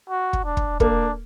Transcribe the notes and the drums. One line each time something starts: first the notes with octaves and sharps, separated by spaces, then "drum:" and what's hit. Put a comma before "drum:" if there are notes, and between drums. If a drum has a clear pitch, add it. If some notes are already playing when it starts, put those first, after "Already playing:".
F#4
drum: kick
D4
drum: kick
A#3 D4, drum: kick